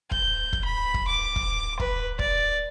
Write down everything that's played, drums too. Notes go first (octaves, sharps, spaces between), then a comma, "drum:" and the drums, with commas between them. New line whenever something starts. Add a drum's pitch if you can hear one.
G6, drum: kick
drum: kick
B5
drum: kick
D6
drum: kick
B4, drum: kick
D5, drum: kick